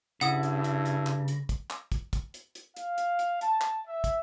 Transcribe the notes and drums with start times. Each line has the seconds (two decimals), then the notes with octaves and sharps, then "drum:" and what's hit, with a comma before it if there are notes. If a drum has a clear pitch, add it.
0.21 G2 C#3 E4 F#5 D#6, drum: hi-hat
0.43 drum: hi-hat
0.64 drum: hi-hat
0.85 drum: hi-hat
1.07 drum: clap
1.28 drum: hi-hat
1.49 drum: kick, hi-hat
1.70 drum: clap
1.92 drum: kick, hi-hat
2.13 drum: kick, hi-hat
2.34 drum: hi-hat
2.55 drum: hi-hat
2.77 F5, drum: hi-hat
2.98 drum: hi-hat
3.19 drum: hi-hat
3.41 A5, drum: hi-hat
3.61 drum: clap
3.87 E5
4.04 drum: kick, hi-hat